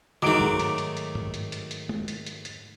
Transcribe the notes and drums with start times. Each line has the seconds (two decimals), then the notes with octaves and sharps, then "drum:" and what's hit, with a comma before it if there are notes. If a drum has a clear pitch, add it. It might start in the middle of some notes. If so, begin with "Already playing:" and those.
0.22 G#2 D#3 F#3 A3 D6 D7
0.41 drum: tom G2
0.60 drum: hi-hat
0.78 drum: hi-hat
0.97 drum: hi-hat
1.15 drum: tom G2
1.34 drum: hi-hat
1.52 drum: hi-hat
1.71 drum: hi-hat
1.89 drum: tom G#3
2.08 drum: hi-hat
2.26 drum: hi-hat
2.45 drum: hi-hat